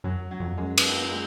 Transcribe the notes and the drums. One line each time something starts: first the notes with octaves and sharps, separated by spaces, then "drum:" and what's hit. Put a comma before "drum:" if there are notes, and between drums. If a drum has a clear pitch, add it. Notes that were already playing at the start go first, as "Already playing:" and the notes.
F#2 F#3
F#3
F2
F#2 G#3
B3, drum: cymbal
A#3
G#3